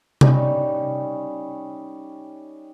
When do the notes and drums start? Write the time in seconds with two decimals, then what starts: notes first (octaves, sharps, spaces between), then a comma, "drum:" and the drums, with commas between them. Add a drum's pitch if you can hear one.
0.21 G3 C#4 D#4, drum: tom C3